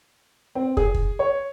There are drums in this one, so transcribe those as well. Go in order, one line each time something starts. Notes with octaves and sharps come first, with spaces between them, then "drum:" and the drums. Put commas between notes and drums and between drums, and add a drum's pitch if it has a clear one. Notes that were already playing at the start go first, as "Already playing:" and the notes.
C4
G#4, drum: kick
drum: kick
C#5